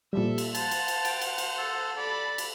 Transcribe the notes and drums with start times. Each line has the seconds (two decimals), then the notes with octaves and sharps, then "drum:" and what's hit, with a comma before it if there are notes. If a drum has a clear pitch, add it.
0.13 A#2 F3 G3 A4 E5
0.38 drum: cymbal
0.55 C5 F#5 A5, drum: cymbal
0.71 drum: cymbal
0.88 drum: cymbal
1.05 G5 A6, drum: cymbal
1.21 drum: cymbal
1.38 drum: cymbal
1.58 A4
1.97 A4 D5 B5
2.38 drum: cymbal